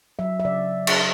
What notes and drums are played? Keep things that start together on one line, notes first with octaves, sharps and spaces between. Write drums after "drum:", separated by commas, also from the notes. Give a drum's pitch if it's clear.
F#3 E5
E5
C#3 D5
drum: cymbal